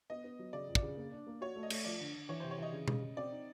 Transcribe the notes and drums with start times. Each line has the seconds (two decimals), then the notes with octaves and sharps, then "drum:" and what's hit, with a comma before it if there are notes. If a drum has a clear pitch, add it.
0.10 B3 D#5
0.24 B3
0.39 F#3
0.53 C#3 D5
0.68 F2
0.75 D5, drum: kick
0.83 C#3
0.97 A#3
1.12 D4
1.27 A#3
1.41 F#4 C#5
1.56 A3
1.63 D#5
1.70 A3, drum: cymbal
1.85 F3 D5
2.00 D3
2.15 D3
2.29 E3 C#5
2.40 C5
2.44 C3
2.51 C#5
2.58 E3 D#5
2.73 C#3
2.88 C#3, drum: tom B2
3.02 C#3
3.17 C4 D5
3.31 D#4